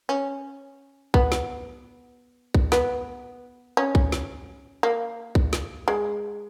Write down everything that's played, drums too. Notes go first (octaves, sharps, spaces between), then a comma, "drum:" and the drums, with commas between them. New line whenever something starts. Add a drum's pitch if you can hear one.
C#4
B3, drum: kick
drum: snare
drum: kick
B3, drum: snare
C#4
drum: kick
drum: snare
A#3
drum: kick
drum: snare
G#3